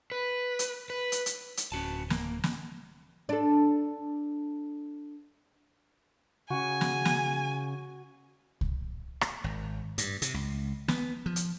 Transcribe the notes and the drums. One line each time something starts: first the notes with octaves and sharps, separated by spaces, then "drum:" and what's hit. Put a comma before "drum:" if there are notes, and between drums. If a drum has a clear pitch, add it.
B4
drum: hi-hat
B4
drum: hi-hat
drum: hi-hat
drum: hi-hat
D1 C#4 F#4 A5
A#3, drum: snare
drum: snare
D4 A4
C#3 F#4 G#5
drum: snare
drum: snare
drum: kick C2
drum: rim click
G#1
G2, drum: hi-hat
C3, drum: hi-hat
C#2
B3, drum: snare
F3
drum: hi-hat